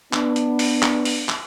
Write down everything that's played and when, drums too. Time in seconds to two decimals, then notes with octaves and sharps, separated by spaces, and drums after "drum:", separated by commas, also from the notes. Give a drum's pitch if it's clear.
0.13 B3 D4, drum: clap
0.36 drum: hi-hat
0.59 drum: open hi-hat
0.82 drum: clap
1.05 drum: open hi-hat
1.29 drum: clap